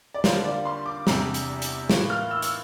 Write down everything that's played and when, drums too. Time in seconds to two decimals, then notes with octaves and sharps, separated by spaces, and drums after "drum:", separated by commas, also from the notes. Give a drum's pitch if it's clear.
0.14 D5
0.24 D3 G3 A#3 D4 F4 C5, drum: snare
0.45 D5
0.65 C6
0.86 D6
1.07 E2 C3 G3 D4 A#5, drum: snare
1.34 drum: hi-hat
1.62 drum: hi-hat
1.90 A2 E3 A#3 F4, drum: snare
2.10 F6
2.31 E6
2.42 E6, drum: hi-hat